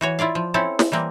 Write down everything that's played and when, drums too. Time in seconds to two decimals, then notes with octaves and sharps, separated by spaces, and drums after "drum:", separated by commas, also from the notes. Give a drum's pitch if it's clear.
0.01 E3 F#4 C#5
0.19 E4 F4 D5 F5
0.35 F3
0.54 C4 C#4 E4 A4
0.79 drum: snare
0.92 E3 G3 A#3 C4